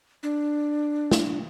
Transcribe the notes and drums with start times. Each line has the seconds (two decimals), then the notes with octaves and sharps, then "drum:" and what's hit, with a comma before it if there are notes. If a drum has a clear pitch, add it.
0.23 D4
1.11 drum: snare